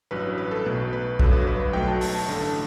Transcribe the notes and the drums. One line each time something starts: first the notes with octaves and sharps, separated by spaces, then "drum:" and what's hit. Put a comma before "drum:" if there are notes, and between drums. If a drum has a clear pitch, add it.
A1 G2 F#3 B4
B4
A4
B1 B2 A3 B4
B4
G1 G2 F#3 A4, drum: kick A#1
B4
B4
B4
B1 B2 F#3 A3 G5
A5
A5, drum: open hi-hat
A5
A1 G2 D3 A3